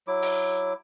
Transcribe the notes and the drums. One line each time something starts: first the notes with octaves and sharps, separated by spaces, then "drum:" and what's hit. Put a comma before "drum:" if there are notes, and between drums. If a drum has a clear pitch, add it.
F#3 E4 D6
drum: open hi-hat